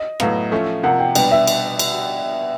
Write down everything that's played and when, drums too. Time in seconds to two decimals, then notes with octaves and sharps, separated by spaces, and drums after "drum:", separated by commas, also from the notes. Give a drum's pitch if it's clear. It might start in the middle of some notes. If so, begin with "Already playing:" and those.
Already playing: D#5
0.20 A2 F#3 B3 F5, drum: rim click
0.52 F3 A3 C#4
0.83 C3 F3 A#3 F#5
1.00 G5
1.15 B2 G3 B3 D4 G5, drum: cymbal
1.31 E5
1.47 drum: cymbal
1.79 drum: cymbal